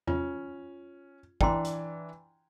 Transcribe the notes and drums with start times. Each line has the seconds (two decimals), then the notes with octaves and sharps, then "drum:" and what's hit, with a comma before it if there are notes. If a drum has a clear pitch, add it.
0.07 C#4 F4, drum: tom E2
1.41 E3 D4 G5 A#5 C6, drum: kick
1.65 drum: hi-hat